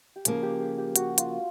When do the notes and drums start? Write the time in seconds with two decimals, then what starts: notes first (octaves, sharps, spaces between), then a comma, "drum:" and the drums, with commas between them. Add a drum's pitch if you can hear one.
0.16 G4
0.25 C#3 F3 A#3 G#4, drum: hi-hat
0.43 G4
0.60 G#4
0.78 G4
0.96 F#4, drum: hi-hat
1.18 F4, drum: hi-hat